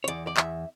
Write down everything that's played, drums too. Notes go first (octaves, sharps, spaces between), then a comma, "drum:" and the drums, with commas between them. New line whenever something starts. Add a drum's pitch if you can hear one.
C#5
E2 D5, drum: hi-hat
D5
E2 E5, drum: clap